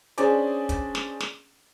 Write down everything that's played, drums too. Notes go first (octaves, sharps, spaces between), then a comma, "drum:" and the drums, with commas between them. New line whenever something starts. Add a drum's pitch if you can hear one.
C#4 D4 G#4 C5 D5, drum: hi-hat
drum: kick, hi-hat
drum: snare
drum: snare